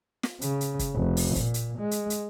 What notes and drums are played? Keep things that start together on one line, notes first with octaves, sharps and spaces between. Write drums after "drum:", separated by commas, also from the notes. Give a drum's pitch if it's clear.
drum: snare
C#3, drum: hi-hat
drum: hi-hat
drum: kick, hi-hat
F1
drum: open hi-hat
A#2, drum: kick, hi-hat
drum: hi-hat
G#3
drum: hi-hat
drum: hi-hat